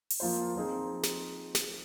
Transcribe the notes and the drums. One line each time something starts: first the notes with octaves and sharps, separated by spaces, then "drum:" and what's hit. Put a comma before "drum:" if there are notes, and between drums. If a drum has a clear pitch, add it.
drum: open hi-hat
F3 A#3 F4 C5
F3 C4 D#4 G#4
drum: snare
drum: snare